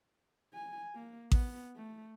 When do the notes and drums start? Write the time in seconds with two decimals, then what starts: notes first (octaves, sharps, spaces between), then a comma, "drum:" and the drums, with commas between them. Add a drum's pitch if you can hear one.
0.54 G#5
0.95 A#3
1.32 B3, drum: kick A1
1.76 A3